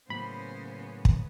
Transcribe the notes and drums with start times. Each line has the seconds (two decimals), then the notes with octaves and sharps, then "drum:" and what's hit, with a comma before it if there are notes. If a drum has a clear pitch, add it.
0.10 A2 C#3 F#3 A#3 B3 C#4 C5 B5
1.05 drum: kick